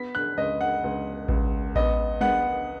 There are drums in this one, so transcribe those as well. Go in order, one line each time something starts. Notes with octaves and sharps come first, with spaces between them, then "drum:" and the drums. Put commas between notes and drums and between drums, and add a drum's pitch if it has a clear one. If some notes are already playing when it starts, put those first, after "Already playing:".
Already playing: B3 B6
F#6
C#2 D#5
F#5
C#2
C#2, drum: kick A1
B3 D#5, drum: kick A1
B3 F#5, drum: tom G3